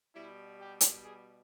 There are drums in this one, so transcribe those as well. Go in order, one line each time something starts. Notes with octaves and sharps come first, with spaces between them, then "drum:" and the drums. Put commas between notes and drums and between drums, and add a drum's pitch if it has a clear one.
B2 G3 E4
G4
drum: hi-hat
G#4